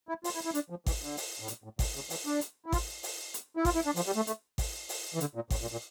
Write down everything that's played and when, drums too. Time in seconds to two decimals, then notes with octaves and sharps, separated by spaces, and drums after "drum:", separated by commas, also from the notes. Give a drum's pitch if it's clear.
0.09 E4
0.24 F4, drum: open hi-hat
0.35 E4
0.45 E4
0.55 D4, drum: hi-hat
0.70 F3
0.86 E3, drum: kick G#1, open hi-hat
1.02 D3
1.17 drum: open hi-hat
1.40 A2
1.48 A#2, drum: hi-hat
1.64 A2
1.79 A#2, drum: kick G#1, open hi-hat
1.95 C#3
2.10 E3, drum: open hi-hat
2.26 D4
2.41 drum: hi-hat
2.66 E4
2.72 F4, drum: kick G#1, open hi-hat
3.03 drum: open hi-hat
3.34 drum: hi-hat
3.57 E4
3.65 F4, drum: kick G#1, open hi-hat
3.75 E4
3.86 D4
3.96 F3, drum: open hi-hat
4.06 G3
4.16 A3
4.27 A3, drum: hi-hat
4.58 drum: kick G#1, open hi-hat
4.89 drum: open hi-hat
5.14 E3
5.20 D3, drum: hi-hat
5.35 A#2
5.50 A2, drum: kick G#1, open hi-hat
5.62 A#2
5.72 A#2